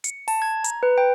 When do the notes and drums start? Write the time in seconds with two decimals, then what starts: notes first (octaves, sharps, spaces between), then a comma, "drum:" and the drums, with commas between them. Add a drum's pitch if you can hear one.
0.04 C#7, drum: hi-hat
0.28 A5, drum: open hi-hat
0.42 G#6
0.64 A#5, drum: hi-hat
0.83 B4
0.98 G5